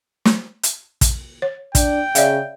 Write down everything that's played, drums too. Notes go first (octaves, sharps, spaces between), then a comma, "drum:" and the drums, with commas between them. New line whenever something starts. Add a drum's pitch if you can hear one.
drum: snare
drum: hi-hat
drum: kick, hi-hat
C#5
D4 G5, drum: kick, hi-hat
C#3 D5 E5 F5, drum: hi-hat